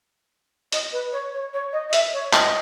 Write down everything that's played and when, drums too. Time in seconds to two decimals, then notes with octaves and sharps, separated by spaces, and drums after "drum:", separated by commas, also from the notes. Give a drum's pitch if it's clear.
0.72 D#5, drum: hi-hat
0.92 B4
1.12 C#5
1.33 C#5
1.53 C#5
1.72 D#5
1.89 D#5
1.93 E5, drum: hi-hat
2.13 C#5
2.33 D#5, drum: clap